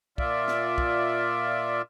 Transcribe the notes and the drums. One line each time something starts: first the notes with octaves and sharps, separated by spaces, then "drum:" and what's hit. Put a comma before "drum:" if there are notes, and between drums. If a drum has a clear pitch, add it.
A#2 F4 D5 E5, drum: kick
drum: snare
drum: kick